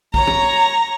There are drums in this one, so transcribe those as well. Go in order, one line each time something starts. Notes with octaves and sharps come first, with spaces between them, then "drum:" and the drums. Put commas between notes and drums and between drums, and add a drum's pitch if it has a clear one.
C#5 A#5, drum: kick
drum: tom